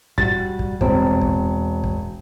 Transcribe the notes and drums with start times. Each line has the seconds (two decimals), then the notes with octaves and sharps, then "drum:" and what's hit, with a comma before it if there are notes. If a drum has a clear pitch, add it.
0.18 G3 F#4 A6, drum: kick
0.59 drum: kick
0.81 E1 C4, drum: kick
1.21 drum: kick
1.84 drum: kick